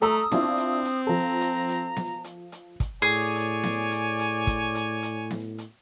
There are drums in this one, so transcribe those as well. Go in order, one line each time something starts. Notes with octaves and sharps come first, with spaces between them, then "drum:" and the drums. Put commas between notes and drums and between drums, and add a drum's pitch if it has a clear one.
A3 A4 A#5 D#6 E6, drum: hi-hat
C4 D4 E4 F4, drum: snare B3
drum: hi-hat
drum: hi-hat
F3 A4 A#5
drum: hi-hat
drum: hi-hat
drum: snare B3
drum: hi-hat
drum: hi-hat
drum: kick, hi-hat
A2 G#4 C#5 D5 G#5
drum: hi-hat
drum: snare B3
drum: hi-hat
drum: hi-hat
drum: kick, hi-hat
drum: hi-hat
drum: hi-hat
drum: snare B3
drum: hi-hat